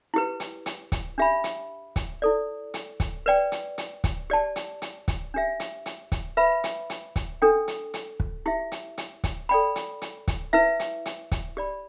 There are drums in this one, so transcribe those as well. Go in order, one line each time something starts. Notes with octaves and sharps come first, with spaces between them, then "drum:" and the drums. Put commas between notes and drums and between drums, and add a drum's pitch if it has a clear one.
E4 G4 B4
drum: hi-hat
drum: hi-hat
drum: kick, hi-hat
D4 G4 E5 B5
drum: hi-hat
drum: kick, hi-hat
E4 A4 D5
drum: hi-hat
drum: kick, hi-hat
B4 D5 G5
drum: hi-hat
drum: hi-hat
drum: kick, hi-hat
G4 D5 A5
drum: hi-hat
drum: hi-hat
drum: kick, hi-hat
D4 G4 E5
drum: hi-hat
drum: hi-hat
drum: kick, hi-hat
B4 E5 B5
drum: hi-hat
drum: hi-hat
drum: kick, hi-hat
D4 A4 G5
drum: hi-hat
drum: hi-hat
drum: kick
E4 G4 E5
drum: hi-hat
drum: hi-hat
drum: kick, hi-hat
A4 D5 G5 B5
drum: hi-hat
drum: hi-hat
drum: kick, hi-hat
E4 B4 E5
drum: hi-hat
drum: hi-hat
drum: kick, hi-hat
G4 D5 B5